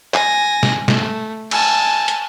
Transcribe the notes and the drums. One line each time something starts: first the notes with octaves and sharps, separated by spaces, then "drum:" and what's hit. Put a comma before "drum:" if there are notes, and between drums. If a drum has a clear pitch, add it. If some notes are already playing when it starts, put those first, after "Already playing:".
G#5 A#6, drum: clap
drum: snare
A3, drum: snare
G#5 A5, drum: cymbal
drum: hi-hat